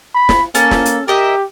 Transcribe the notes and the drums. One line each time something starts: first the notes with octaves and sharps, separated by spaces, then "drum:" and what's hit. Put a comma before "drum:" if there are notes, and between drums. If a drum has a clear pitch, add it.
B5
drum: snare
A#3 C#4 A4 A5, drum: hi-hat
drum: snare
drum: hi-hat
G4 A#4 D#5 E5